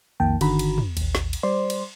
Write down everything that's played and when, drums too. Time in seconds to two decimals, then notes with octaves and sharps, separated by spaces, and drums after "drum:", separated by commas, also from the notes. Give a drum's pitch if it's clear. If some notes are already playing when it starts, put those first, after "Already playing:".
0.20 B1 F2 D#3 A#3 G5 A5
0.41 G1 D3 D#3 F#4 A#5 B5, drum: cymbal
0.59 drum: cymbal
0.78 drum: tom
0.97 A1 D#2, drum: cymbal
1.15 drum: snare
1.33 drum: cymbal
1.43 G3 C5 D5 C6
1.70 drum: cymbal